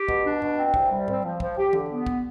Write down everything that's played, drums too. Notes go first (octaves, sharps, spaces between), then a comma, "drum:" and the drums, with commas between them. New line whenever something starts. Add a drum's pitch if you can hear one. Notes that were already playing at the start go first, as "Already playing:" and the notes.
Already playing: G4
B2, drum: kick
D4
B2, drum: tom F#2
C4
C2, drum: kick
G3
C4, drum: tom G#2
F3
F3, drum: kick
G4
D3, drum: tom E3
B3
drum: kick